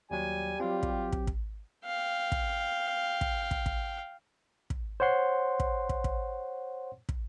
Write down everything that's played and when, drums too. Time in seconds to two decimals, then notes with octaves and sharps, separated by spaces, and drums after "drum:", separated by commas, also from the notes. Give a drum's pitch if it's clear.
0.11 D#2 F#3 G3 G#5
0.60 F#3 C4 F4 G4
0.83 drum: kick
1.12 drum: kick
1.27 drum: kick
1.85 F5 G5
2.32 drum: kick
3.21 drum: kick
3.51 drum: kick
3.66 drum: kick
4.70 drum: kick
5.00 C5 C#5 F#5 C6
5.60 drum: kick
5.89 drum: kick
6.04 drum: kick
7.09 drum: kick